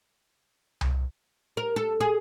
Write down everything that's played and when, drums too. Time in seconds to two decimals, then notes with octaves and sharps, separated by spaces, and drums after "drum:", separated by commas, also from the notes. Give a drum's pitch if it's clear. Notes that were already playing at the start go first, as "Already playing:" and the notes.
0.81 drum: tom C2
1.57 A#4
1.76 A4
2.01 G#4